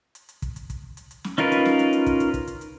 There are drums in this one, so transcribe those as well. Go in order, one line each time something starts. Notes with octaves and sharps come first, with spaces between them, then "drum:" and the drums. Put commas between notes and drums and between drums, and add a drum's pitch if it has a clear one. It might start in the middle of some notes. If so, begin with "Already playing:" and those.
drum: hi-hat
drum: hi-hat
drum: kick, hi-hat
drum: hi-hat
drum: kick, hi-hat
drum: hi-hat
drum: hi-hat
drum: snare
C#4 D#4 F4 A#4 B4, drum: hi-hat
drum: hi-hat
drum: snare
drum: hi-hat
drum: hi-hat
drum: kick, hi-hat
drum: hi-hat
drum: kick, hi-hat
drum: hi-hat
drum: hi-hat